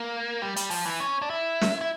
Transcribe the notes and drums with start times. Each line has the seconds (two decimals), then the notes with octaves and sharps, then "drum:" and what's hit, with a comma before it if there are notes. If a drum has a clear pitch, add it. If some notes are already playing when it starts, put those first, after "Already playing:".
Already playing: A#3
0.42 G3
0.56 G3, drum: hi-hat
0.70 F3, drum: open hi-hat
0.86 E3
1.00 C#4
1.22 D4
1.30 E4
1.61 drum: snare
1.81 E4